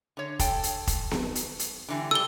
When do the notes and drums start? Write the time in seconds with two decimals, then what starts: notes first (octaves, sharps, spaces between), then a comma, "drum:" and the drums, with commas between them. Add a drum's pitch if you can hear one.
0.17 D3 C#5
0.39 A4 G5, drum: kick F1, hi-hat
0.63 drum: hi-hat
0.87 drum: kick F1, hi-hat
1.11 drum: snare B3
1.35 drum: hi-hat
1.59 drum: hi-hat
1.88 D3 E3 G3
2.11 D3 G3 A4 E6 G7